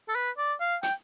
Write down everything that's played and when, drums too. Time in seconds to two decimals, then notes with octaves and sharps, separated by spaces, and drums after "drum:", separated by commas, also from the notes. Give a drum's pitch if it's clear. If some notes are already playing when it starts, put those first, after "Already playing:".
0.09 A4
0.15 B4
0.38 D5
0.60 F5
0.83 G5, drum: hi-hat